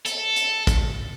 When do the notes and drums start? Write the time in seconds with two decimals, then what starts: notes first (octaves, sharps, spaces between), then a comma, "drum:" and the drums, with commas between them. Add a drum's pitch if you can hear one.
0.06 A4, drum: hi-hat
0.36 drum: hi-hat
0.67 drum: kick, hi-hat